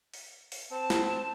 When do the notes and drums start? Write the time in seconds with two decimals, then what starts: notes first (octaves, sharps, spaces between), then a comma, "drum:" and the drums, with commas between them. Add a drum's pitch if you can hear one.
0.14 drum: open hi-hat
0.52 drum: open hi-hat
0.71 C4 A5
0.90 drum: snare